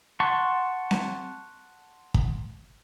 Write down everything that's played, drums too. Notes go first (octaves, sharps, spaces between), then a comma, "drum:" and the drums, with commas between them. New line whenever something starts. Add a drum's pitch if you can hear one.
F#5 A5 C6 C#6
drum: snare C4
drum: kick